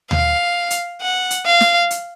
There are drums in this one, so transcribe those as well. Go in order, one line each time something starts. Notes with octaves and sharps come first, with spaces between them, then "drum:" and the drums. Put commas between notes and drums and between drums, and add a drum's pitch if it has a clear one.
F5, drum: tom D2
drum: hi-hat
F#5
drum: hi-hat
F5
drum: snare
drum: hi-hat